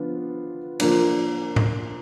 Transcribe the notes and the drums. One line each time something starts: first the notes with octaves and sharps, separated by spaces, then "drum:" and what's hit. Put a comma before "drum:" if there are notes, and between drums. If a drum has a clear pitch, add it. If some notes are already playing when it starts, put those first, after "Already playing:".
Already playing: F3 B3 D4 F4
F3 A#3 D4, drum: cymbal
drum: tom